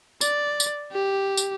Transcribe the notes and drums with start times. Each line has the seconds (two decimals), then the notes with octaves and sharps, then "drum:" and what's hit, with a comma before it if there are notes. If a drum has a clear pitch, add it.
0.21 D5, drum: tambourine
0.60 drum: tambourine
0.92 G4
1.37 drum: tambourine